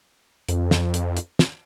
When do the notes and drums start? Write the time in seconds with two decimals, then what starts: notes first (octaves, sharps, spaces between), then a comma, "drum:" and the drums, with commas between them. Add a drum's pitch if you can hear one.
0.49 F2, drum: hi-hat
0.71 drum: snare
0.94 drum: hi-hat
1.17 drum: hi-hat
1.39 drum: snare